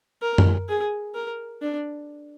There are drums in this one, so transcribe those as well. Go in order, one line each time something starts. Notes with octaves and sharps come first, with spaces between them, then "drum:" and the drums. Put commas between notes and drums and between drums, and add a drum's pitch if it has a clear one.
A#4
drum: tom F#2
G#4
A#4
D4